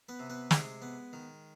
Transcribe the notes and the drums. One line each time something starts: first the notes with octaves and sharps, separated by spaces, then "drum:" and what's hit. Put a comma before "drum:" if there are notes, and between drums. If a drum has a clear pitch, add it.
B3 B4
C3
B3 B4
C3 G#3 G#4, drum: snare
B3
D#3